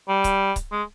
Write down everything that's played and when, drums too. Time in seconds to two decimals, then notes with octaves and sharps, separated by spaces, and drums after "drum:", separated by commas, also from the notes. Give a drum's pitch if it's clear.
0.08 G3
0.24 drum: kick C#1, hi-hat
0.56 drum: kick C#1, hi-hat
0.72 G#3